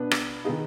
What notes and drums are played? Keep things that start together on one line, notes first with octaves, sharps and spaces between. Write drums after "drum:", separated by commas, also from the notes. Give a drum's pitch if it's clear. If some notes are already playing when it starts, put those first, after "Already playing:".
Already playing: B2 B3 D4 B4
drum: rim click
D#3 B3 D#4 G#4